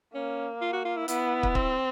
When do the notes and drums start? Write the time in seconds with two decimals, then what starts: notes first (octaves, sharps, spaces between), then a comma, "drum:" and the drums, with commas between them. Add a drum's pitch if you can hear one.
0.14 A#3 C#4
0.61 F4
0.73 F#4
0.85 F4
0.97 E4
1.08 B3 E4, drum: hi-hat
1.43 drum: kick
1.55 C4, drum: kick